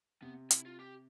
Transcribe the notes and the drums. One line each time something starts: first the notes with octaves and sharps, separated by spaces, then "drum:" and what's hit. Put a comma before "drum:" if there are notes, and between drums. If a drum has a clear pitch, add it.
C3 B3
E4, drum: hi-hat
F4
G4